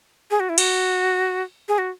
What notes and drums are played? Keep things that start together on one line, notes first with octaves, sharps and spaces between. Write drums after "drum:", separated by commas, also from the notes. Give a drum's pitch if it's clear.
G#4
F#4
E4
F#4, drum: cymbal
G#4
F#4